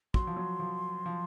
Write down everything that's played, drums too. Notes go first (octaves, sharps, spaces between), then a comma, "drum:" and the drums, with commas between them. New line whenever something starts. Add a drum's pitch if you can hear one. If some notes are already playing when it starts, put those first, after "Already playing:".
F#3 C6, drum: kick
F3
F#3
F3
F3